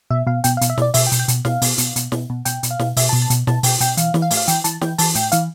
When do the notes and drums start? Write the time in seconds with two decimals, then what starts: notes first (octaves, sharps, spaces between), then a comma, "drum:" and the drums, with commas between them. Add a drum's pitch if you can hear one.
0.10 B2 E5
0.27 B2 F5
0.44 B2 G5, drum: hi-hat
0.57 F5
0.61 B2, drum: hi-hat
0.70 E5
0.78 B2 D5, drum: snare
0.94 B2 E5, drum: open hi-hat
1.07 G5
1.12 B2, drum: hi-hat
1.19 G5
1.28 B2, drum: hi-hat
1.45 B2 F5, drum: snare
1.62 B2, drum: open hi-hat
1.78 B2, drum: hi-hat
1.96 B2, drum: hi-hat
2.12 B2, drum: snare
2.30 B2
2.45 B2 G5, drum: hi-hat
2.63 B2, drum: hi-hat
2.71 F5
2.79 B2, drum: snare
2.97 B2 E5, drum: open hi-hat
3.09 B2 A5
3.22 A5
3.30 B2, drum: hi-hat
3.47 B2 A5, drum: snare
3.63 B2 G5, drum: open hi-hat
3.80 B2 G5, drum: hi-hat
3.97 E3 F5, drum: hi-hat
4.14 E3, drum: snare
4.22 F5
4.31 A2, drum: open hi-hat
4.37 F5
4.48 E3 G5, drum: hi-hat
4.64 E3 A5, drum: hi-hat
4.81 E3 G5, drum: snare
4.98 E3 A5, drum: open hi-hat
5.15 A2 G5, drum: hi-hat
5.32 E3 F5, drum: hi-hat